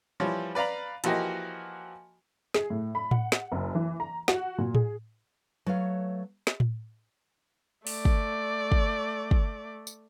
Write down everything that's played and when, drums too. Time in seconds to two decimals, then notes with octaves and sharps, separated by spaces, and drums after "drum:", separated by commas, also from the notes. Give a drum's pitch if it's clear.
0.20 E3 F3 G3 C#5
0.55 B4 D5 F5 A#5 B5
1.04 E3 F3 A#3 F#4 G4 D#5, drum: hi-hat
2.54 G#4, drum: snare
2.70 A2
2.95 B5
3.11 F#5, drum: tom A2
3.32 drum: snare
3.52 F#1
3.75 E3
4.00 A#5
4.28 F#4, drum: snare
4.58 A#2
4.75 G#4, drum: tom A2
5.66 F#3 A3 B4 C#5 E5 F5
6.47 drum: snare
6.60 drum: tom A2
7.87 A3 D5, drum: open hi-hat
8.05 drum: kick
8.72 drum: kick
9.31 drum: kick
9.87 drum: tambourine